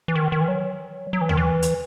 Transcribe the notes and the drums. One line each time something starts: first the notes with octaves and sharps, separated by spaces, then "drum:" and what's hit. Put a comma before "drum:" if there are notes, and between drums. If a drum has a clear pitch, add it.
E3
D#3
D#3
E3
F#3
F#3
E3
D#3, drum: tom D#2
E3
drum: hi-hat